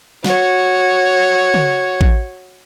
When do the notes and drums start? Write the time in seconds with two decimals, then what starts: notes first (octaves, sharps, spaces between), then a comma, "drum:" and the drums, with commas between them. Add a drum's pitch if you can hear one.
0.24 F#4 C#5, drum: snare
1.54 drum: tom C#3
2.01 drum: kick A1